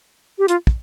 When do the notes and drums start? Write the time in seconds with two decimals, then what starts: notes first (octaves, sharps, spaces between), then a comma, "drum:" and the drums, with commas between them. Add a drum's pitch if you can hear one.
0.38 G4
0.48 F4, drum: hi-hat
0.67 drum: kick